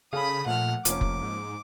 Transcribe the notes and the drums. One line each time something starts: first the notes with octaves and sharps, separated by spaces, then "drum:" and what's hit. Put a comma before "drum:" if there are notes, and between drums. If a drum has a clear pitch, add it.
C#3 G#4 A4 F5 B5 D#6
A#2 F3 A3 F#5 F6
F1 F3 A#3 C#4 D6, drum: hi-hat
drum: kick F1
G#2